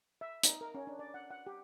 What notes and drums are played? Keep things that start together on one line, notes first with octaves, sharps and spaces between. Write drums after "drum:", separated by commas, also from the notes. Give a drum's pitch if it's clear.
E5
D#4, drum: hi-hat
A#4
C#4
D4
D5
F#5
F#5
G4